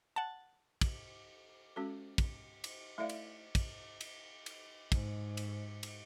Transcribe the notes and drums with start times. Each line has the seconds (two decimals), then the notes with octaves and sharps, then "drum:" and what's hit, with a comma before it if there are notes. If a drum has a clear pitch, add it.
0.16 F#5 A5
0.81 drum: kick, cymbal
1.76 G#3 C#4 F#4 A4
2.18 drum: kick, cymbal
2.64 drum: cymbal
2.98 A3 E4 A4 D5 E5 F5
3.09 drum: cymbal
3.55 drum: kick, cymbal
4.01 drum: cymbal
4.46 drum: cymbal
4.92 G#2, drum: kick, cymbal
5.37 drum: cymbal
5.83 drum: cymbal